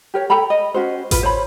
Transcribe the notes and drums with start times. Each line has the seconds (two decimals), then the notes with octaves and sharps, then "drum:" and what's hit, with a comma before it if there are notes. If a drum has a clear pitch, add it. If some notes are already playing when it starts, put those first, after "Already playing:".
0.14 G4 A#4 C#5
0.30 A4 G5 A#5 B5
0.50 D#5
0.74 C#4 F#4 C5
1.11 F4 B4, drum: kick A1, hi-hat
1.23 C5 C#5 B5